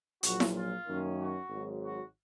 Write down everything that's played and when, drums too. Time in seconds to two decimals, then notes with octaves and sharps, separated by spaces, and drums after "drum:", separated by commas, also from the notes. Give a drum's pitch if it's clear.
0.23 A#1 A#2 F#3 F#4, drum: hi-hat
0.40 drum: snare E4
0.55 F4
0.87 F#2 D#3 A#3 C#4
1.19 F#4
1.49 G#1 G#2 F#3
1.81 F#4